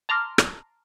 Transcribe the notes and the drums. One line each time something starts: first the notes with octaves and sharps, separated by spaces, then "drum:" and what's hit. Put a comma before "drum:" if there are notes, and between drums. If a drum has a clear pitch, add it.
A5 A#5 C6 D6 F6
drum: rim click